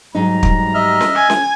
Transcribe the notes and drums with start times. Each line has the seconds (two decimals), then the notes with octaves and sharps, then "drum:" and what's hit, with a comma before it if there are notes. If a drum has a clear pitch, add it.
0.15 G#2 F#3 G3 D#4 A#5
0.43 drum: kick
0.74 D#5 E5 F6
1.01 drum: snare C#4
1.15 G#5
1.30 drum: snare C#4